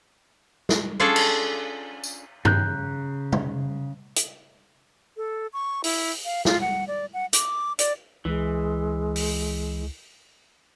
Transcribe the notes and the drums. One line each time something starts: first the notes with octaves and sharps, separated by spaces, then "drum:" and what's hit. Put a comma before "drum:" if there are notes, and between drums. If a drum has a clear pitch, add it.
drum: snare
C#4 D4 F4 G#4 A4 D5
drum: cymbal
drum: tambourine
C#3 A#5 F#6 G6, drum: tom G2
drum: tom C3
drum: hi-hat
A4
C#6
E4, drum: open hi-hat
F5
F4, drum: snare
F#5
D5
F#5
D6, drum: hi-hat
D5, drum: hi-hat
C#2 E3 G#3
drum: open hi-hat